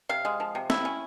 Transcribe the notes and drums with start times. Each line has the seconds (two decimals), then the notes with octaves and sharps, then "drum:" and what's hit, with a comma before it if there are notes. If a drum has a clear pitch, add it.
0.09 C3 F5
0.25 G#3
0.40 F3
0.55 C3
0.70 E4, drum: snare
0.85 C#4